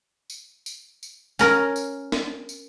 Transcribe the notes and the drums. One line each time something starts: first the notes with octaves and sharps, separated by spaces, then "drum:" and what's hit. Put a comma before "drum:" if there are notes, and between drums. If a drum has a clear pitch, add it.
drum: tambourine
drum: tambourine
drum: tambourine
C#4 A#4, drum: tambourine
drum: tambourine
drum: snare
drum: tambourine